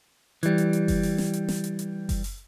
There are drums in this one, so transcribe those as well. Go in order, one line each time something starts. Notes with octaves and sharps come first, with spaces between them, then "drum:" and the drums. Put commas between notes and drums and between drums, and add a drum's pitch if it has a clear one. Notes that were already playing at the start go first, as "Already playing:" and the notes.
E3 G3, drum: hi-hat
drum: hi-hat
drum: hi-hat
drum: kick F#1, open hi-hat
drum: open hi-hat
drum: snare
drum: hi-hat
drum: snare
drum: hi-hat
drum: hi-hat
drum: kick F#1, open hi-hat
drum: open hi-hat